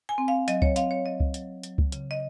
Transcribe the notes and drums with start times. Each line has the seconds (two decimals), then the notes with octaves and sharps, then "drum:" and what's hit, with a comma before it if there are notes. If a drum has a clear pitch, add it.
0.09 G#5
0.18 C4
0.28 F5
0.48 F#3 D#5, drum: hi-hat
0.62 C#5, drum: kick C#2
0.76 C4 F5, drum: hi-hat
0.91 C#5
1.06 F#3 D#5
1.20 drum: kick C#2
1.34 F#3, drum: hi-hat
1.63 F#3, drum: hi-hat
1.78 drum: kick C#2
1.92 C#3, drum: hi-hat
2.11 D#5